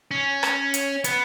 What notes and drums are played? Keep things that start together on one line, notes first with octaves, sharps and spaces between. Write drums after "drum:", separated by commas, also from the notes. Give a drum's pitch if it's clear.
C#4
drum: rim click
drum: hi-hat
B3, drum: hi-hat